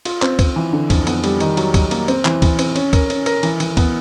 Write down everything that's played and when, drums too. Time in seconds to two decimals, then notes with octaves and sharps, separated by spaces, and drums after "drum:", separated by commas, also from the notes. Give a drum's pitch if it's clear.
0.05 F4, drum: cymbal
0.22 C4, drum: clap
0.39 C4, drum: kick, cymbal
0.56 E3
0.73 D3
0.90 F2, drum: kick, cymbal
1.07 B3, drum: cymbal
1.24 G3, drum: cymbal
1.40 D#3, drum: cymbal
1.57 F#3, drum: cymbal
1.74 F#3, drum: kick, cymbal
1.91 A#3, drum: cymbal
2.08 C4, drum: cymbal
2.25 E3, drum: clap
2.42 E3, drum: kick, cymbal
2.59 C4, drum: cymbal
2.76 C#4, drum: cymbal
2.93 A#4, drum: kick, cymbal
3.10 C#4, drum: cymbal
3.26 A#4, drum: cymbal
3.43 E3, drum: cymbal
3.60 E3, drum: cymbal
3.77 B3, drum: kick, cymbal